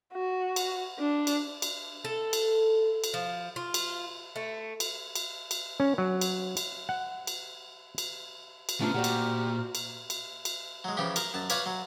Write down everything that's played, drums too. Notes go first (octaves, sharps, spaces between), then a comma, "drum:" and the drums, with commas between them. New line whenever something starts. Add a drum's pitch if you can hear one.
F#4
drum: cymbal
D4
drum: cymbal
drum: cymbal
A4
drum: cymbal
drum: cymbal
F3
F4
drum: cymbal
A3
drum: cymbal
drum: cymbal
drum: cymbal
C#4
F#3
drum: cymbal
drum: cymbal
F#5
drum: cymbal
drum: cymbal
drum: cymbal
C#3 A3 B3 D4 F4 C5 A#5 F6
A#2 F#4 G4 D5 F#5
drum: cymbal
drum: cymbal
drum: cymbal
drum: cymbal
F#3 G#3
C#3 E3 F3 G4
A#4, drum: cymbal
F#2 A5
B4 C#5 D5 F5 G#5, drum: cymbal
F#3